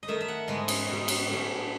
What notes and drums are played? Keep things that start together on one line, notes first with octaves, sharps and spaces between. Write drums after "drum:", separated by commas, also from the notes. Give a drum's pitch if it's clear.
D#5
D#3 A3 D#4 E5
E5
F#5
G#2 E3 G#3 B3 D#5
drum: cymbal
B2 G#3 D#4
drum: cymbal
A2 F#3 A3 C#4